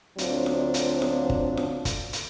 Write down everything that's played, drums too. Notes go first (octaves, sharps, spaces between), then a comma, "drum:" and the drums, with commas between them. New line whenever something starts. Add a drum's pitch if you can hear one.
D2 F#3 C4 D4 F4, drum: hi-hat
drum: snare F4
drum: hi-hat
drum: snare F4
drum: kick
drum: snare F4
drum: kick, hi-hat
drum: hi-hat